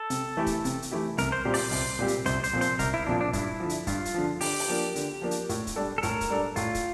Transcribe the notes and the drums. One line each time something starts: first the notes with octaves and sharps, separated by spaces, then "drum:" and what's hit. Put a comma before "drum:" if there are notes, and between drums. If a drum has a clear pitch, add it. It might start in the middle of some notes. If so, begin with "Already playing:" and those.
Already playing: A4
C3, drum: hi-hat
E3 A3 E4 G4
drum: kick, hi-hat
C3, drum: hi-hat
drum: hi-hat
E3 A3 E4 G4
C2 A#4, drum: hi-hat
C5
A#2 G3 C4 G4
D5, drum: open hi-hat
C5
C2, drum: open hi-hat
A#2 G3 C4 G4
drum: hi-hat
C2 C5, drum: hi-hat
C5, drum: hi-hat
A#2 F3 C4
C5, drum: hi-hat
C2 A#4, drum: kick, hi-hat
E4
A#2 F3 C4 D4
D4
G2 E4, drum: kick, hi-hat
D3 F3
drum: hi-hat
G2 F4, drum: kick, hi-hat
drum: hi-hat
D3 F3
D3 G4, drum: open hi-hat
drum: open hi-hat
F3 A#3 D4
D3, drum: hi-hat
F3 A#3 D4
drum: hi-hat
A2, drum: hi-hat
drum: kick, hi-hat
G3 D4 A4
A4
A2 A#4, drum: hi-hat
drum: kick, hi-hat
G3 D4 A4
A2 F4, drum: hi-hat
drum: kick, hi-hat